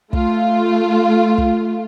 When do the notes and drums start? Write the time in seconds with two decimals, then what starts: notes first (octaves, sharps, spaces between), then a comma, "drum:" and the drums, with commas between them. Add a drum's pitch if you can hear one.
0.13 A3 F4, drum: kick
1.38 drum: kick